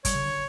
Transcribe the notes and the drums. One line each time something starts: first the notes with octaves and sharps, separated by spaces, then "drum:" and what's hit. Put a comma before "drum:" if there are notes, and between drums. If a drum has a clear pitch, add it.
G3 C#5, drum: kick G1, hi-hat
C#3
D3